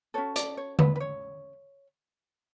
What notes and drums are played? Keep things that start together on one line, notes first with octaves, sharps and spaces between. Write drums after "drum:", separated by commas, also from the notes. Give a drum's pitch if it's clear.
C#4 F#4 A4 C#5
D5, drum: hi-hat
C#5
B4, drum: tom D3
B4
C#5